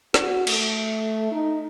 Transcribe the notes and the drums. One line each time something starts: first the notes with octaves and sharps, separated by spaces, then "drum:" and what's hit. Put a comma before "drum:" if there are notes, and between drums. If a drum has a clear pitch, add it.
F#4, drum: snare
A3, drum: cymbal
D#4